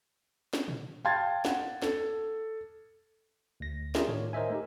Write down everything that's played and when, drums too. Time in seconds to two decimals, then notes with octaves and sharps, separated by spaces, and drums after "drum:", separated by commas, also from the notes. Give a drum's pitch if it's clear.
0.53 drum: snare
0.68 drum: tom A#2
1.05 F5 G5 A5 C6 G#6 A6
1.45 F#5, drum: snare
1.82 A4, drum: snare
3.60 D2 A#6
3.95 D4 F4 G4 G#4 A#4 E5, drum: snare
4.08 A2 D#3 C#5
4.33 A#4 C5 D#5 E5 G#5
4.50 A3 D#4 G4